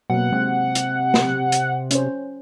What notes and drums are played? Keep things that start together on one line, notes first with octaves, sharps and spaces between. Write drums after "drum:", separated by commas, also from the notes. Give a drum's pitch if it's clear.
B2 F#3 A#3 F#5
C3 G#3
drum: hi-hat
drum: snare
drum: hi-hat
C#4 C5, drum: hi-hat